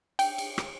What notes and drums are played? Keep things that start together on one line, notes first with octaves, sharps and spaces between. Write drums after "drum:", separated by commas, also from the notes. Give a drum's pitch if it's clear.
G5, drum: cymbal
drum: cymbal
drum: rim click